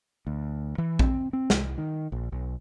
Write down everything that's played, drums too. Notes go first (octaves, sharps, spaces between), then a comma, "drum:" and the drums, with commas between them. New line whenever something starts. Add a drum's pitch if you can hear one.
D2
E3
C4, drum: kick A#1
C4
C2, drum: snare
D#3
A#1
B1